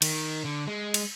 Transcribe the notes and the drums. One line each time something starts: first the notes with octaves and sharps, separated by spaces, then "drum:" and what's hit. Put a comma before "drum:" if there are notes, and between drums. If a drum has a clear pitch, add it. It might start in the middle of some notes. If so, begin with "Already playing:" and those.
D#3, drum: cymbal
D3
G#3
drum: cymbal